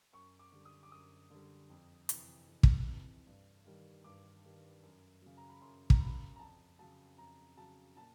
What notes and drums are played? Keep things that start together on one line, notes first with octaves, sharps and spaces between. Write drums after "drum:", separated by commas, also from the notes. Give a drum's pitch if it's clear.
F#2 C#6
D6
D3 G3
D#6
D6
F#2 D#6
D3 G3
F2
C3 E3, drum: hi-hat
F2
drum: kick
C3 E3
G2
D#3 G3
G2 D6
D#3 G3
F#2
C#3 F#3
A#5
B5
F#2 C6
A#5, drum: kick
C#3 F#3 B5
A#5
F2 A5
C#3 F#3 A5
F2 A#5
C#3 F#3 A5
A#2 A5